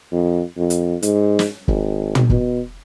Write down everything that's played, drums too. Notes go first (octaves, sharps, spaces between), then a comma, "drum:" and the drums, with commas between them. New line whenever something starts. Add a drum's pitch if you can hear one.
F2
F2
drum: hi-hat
G#2, drum: hi-hat
drum: snare
G#1, drum: kick
drum: tom
B2, drum: kick